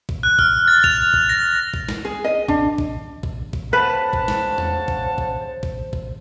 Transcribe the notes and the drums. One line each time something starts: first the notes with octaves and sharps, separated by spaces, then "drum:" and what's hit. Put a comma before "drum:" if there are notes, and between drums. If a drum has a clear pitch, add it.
drum: kick
F#6
F6, drum: kick
A6
F7, drum: kick
drum: kick
A#6
drum: kick
drum: snare
G#4
D#5
D4, drum: kick
drum: kick
drum: kick
drum: kick
C#3 B4 C5 F#5 A5
drum: kick
drum: snare
drum: tom E2
drum: kick
drum: kick
drum: kick
drum: kick